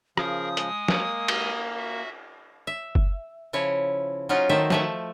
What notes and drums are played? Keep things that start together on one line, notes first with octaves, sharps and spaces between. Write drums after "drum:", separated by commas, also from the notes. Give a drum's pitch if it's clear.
C#3 F3 G#4 A#4 D#6, drum: rim click
G#3 G#5, drum: hi-hat
A#3, drum: snare
drum: cymbal
F#4 E5
E5
drum: kick F#1
C#3 F3 E4 C#5
F#3 C#4 D#4 F4
D#3 A3 D#4 C5 E5
F3 A3 E5, drum: snare